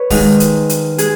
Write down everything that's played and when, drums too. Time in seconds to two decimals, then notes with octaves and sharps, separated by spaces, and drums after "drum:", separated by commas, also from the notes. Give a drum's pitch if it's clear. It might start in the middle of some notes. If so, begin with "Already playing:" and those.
Already playing: B4 C#5
0.10 G#2 D#3 G#3, drum: kick, open hi-hat
0.40 drum: hi-hat
0.69 drum: hi-hat
0.98 G#3 G#4, drum: hi-hat